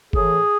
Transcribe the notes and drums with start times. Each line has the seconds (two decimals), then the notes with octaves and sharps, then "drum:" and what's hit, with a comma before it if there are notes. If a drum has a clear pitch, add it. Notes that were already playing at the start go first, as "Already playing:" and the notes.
0.13 A2 E3 G#4, drum: kick F#1